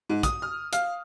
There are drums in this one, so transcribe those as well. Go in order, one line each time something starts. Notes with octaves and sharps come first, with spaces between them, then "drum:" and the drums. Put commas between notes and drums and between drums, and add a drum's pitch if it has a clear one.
G#2
D#6, drum: kick, hi-hat
F6
F5, drum: hi-hat